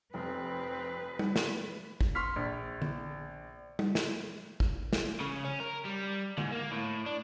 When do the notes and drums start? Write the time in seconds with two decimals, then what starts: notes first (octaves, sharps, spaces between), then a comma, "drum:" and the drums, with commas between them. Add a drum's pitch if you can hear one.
0.14 F1 C4 B4
1.19 drum: tom G3
1.36 drum: snare
2.01 drum: kick
2.15 C6 C#6 F6 B6
2.36 A#1
2.82 drum: tom D3
3.79 drum: tom G3
3.95 drum: snare
4.60 drum: kick
4.93 drum: snare
5.20 C#3
5.44 C#4
5.60 A#4
5.85 G3
6.38 G#2, drum: tom D3
6.52 A#3
6.71 A2
7.06 D4